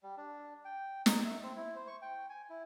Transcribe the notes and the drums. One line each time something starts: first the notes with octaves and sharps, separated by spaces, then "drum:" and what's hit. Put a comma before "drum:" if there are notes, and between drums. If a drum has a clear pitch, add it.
G3
D4
G5
D#4, drum: snare
E5
C4
E4
C5
C#6
G5
G#5
E4